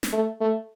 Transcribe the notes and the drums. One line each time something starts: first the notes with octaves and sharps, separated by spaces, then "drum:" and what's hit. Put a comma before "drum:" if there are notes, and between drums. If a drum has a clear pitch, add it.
drum: snare
A3
A3